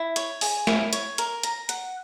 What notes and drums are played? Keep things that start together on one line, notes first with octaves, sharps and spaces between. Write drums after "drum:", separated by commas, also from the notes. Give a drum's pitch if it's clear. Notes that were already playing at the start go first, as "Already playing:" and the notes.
Already playing: E4
C#5, drum: hi-hat
G#4, drum: open hi-hat
E4, drum: snare
C#5, drum: hi-hat
A#4, drum: hi-hat
A#5, drum: hi-hat
F#5, drum: hi-hat